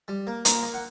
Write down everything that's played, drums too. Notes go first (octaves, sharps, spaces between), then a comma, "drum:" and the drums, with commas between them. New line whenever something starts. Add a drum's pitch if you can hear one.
G3
A#3
A#2 A#5, drum: hi-hat
A#3
F#5